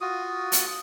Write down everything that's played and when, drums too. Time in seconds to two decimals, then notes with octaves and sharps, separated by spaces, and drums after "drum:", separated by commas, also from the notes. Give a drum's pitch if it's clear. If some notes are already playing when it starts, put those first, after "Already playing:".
0.01 F4 F#4 D#6
0.52 drum: hi-hat